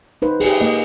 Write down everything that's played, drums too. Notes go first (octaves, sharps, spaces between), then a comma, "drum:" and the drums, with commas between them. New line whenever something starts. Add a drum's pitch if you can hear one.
D#4 B4 C5
G4 G#4, drum: open hi-hat
A#3 D#5